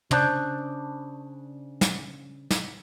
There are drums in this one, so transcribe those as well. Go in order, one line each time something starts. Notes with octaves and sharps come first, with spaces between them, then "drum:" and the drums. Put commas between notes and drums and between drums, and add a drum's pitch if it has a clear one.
C#3 D4 C5 D5 A5, drum: tom
drum: snare
drum: snare